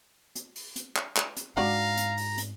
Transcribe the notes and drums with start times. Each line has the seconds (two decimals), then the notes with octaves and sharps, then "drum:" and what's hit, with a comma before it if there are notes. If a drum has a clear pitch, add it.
0.35 drum: hi-hat
0.56 drum: open hi-hat
0.76 drum: hi-hat
0.96 drum: clap
1.16 drum: clap
1.37 drum: hi-hat
1.57 G#2 D4 F#4 D5 F5 A#5
1.97 drum: hi-hat
2.17 drum: open hi-hat
2.38 drum: hi-hat